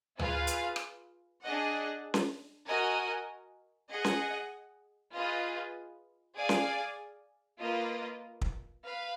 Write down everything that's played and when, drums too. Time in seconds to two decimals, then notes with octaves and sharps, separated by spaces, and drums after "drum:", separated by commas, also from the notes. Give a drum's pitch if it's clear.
0.19 F4 G#4 B4 F5, drum: tom D2
0.47 drum: hi-hat
0.76 drum: rim click
1.43 D4 G#4 D#5 F#5
2.14 drum: snare C#4
2.67 F#4 A#4 D#5 G#5
3.90 G#4 D#5 F#5
4.04 drum: snare C#4
5.14 F4 G#4 B4 D#5
6.37 G#4 D5 F5 G#5
6.49 drum: snare C#4
7.61 A#3 F4 B4 D#5
8.41 drum: kick
8.84 B4 F5